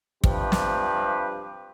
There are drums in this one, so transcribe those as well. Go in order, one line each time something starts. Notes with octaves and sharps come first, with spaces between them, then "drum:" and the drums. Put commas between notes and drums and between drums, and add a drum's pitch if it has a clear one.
G2 C3 F3 G4 B4, drum: kick
drum: snare